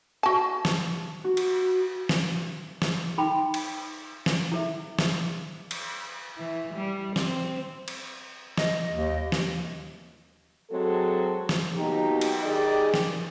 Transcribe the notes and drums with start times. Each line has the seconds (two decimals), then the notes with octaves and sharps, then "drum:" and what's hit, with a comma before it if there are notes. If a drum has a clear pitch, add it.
0.23 F#4 A5
0.65 drum: snare
1.24 F#4
1.37 drum: cymbal
2.09 drum: snare
2.82 drum: snare
3.18 D#4 A4 G5 B5 C6
3.54 drum: cymbal
4.26 drum: snare
4.52 E4 A4 E5
4.99 drum: snare
5.71 drum: cymbal
6.38 E3
6.74 G3
7.16 C4, drum: snare
7.88 drum: cymbal
8.58 D#5, drum: snare
8.92 D#2
9.32 drum: snare
10.71 F#3 G#3 C4 A4
11.49 drum: snare
11.76 B2 F#3 A#3 D#4 G4
12.21 drum: cymbal
12.43 D#3 G4 G#4 D5 D#5
12.94 drum: snare